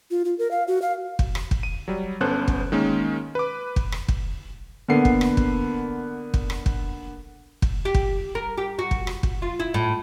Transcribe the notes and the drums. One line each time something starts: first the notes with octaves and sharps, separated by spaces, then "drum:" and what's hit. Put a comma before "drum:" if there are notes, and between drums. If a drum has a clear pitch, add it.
F4
F4
A#4
F5
F#4
F5
drum: kick
drum: rim click
drum: kick
D#7
F#3 G3
G1 B3 C#4 A4 C5 F#6
drum: kick
D#3 G#3 A#3 C#4
B4 D6
drum: kick
drum: rim click
drum: kick
D3 A#3 B3 C7
drum: kick
drum: rim click
drum: kick
drum: kick
drum: rim click
drum: kick
drum: kick
G4
drum: kick
A#4
G4
F#4
drum: kick
drum: rim click
drum: kick
F4
E4
A2